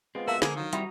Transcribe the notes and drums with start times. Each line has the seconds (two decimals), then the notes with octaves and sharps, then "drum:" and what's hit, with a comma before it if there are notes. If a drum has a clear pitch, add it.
0.15 G#3 B3 C4 F4
0.28 A#3 F#4 E5 F5 A5
0.42 D3 F3 A#3 G#4, drum: snare
0.56 D#3 F#3 F5
0.73 G3 C4 E4 F#4 C5 A#5 D#6, drum: hi-hat